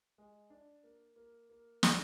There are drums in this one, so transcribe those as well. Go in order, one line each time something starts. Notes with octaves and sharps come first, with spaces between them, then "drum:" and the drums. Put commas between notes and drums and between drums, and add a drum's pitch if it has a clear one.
G#3
D4
A#3
A#3
A#3
C#4, drum: snare